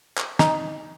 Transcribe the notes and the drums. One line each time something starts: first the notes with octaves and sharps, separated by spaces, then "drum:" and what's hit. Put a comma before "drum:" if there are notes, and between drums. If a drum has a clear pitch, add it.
drum: clap
D#4, drum: snare